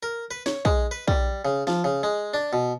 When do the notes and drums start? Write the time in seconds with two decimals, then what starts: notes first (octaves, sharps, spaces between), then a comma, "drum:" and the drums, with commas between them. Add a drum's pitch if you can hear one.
0.03 A#4
0.31 B4
0.46 C#5, drum: snare
0.65 G#3, drum: kick
0.91 B4
1.08 G3, drum: kick
1.45 C#3
1.67 F3, drum: snare
1.84 C#3
2.03 G#3
2.34 D4
2.53 B2